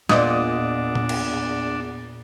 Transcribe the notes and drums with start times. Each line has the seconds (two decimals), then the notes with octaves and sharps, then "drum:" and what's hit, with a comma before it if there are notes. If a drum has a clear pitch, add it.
0.09 E2 A#2 D4 D5 D#5 D#6, drum: snare
0.95 drum: tom A#2
1.09 drum: cymbal